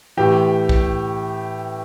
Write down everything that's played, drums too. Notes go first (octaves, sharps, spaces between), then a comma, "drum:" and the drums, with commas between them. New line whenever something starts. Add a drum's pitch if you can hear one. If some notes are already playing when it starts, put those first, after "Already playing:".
A2 E3 G4
drum: kick B1